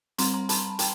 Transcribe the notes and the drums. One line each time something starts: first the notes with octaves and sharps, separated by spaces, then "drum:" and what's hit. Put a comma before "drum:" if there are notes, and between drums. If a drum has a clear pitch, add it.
G3 C4 A#5 C6, drum: hi-hat
A#5 C6
A5 B5, drum: hi-hat
G5 A5, drum: hi-hat